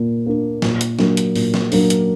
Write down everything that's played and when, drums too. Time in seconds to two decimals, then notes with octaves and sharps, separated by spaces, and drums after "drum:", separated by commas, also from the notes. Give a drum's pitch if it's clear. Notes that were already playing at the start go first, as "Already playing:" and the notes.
Already playing: A#2 A#3
0.27 A#3 D4
0.62 A#2, drum: snare
0.81 drum: hi-hat
0.99 F#3 A#3 D4, drum: snare
1.17 drum: hi-hat
1.36 A#2, drum: open hi-hat
1.54 drum: snare
1.72 F#3 A#3 D4, drum: open hi-hat
1.90 drum: hi-hat